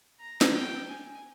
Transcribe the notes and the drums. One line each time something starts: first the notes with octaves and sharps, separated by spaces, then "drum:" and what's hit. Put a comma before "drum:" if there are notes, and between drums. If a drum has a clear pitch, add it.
A#5
drum: snare
G5
G#5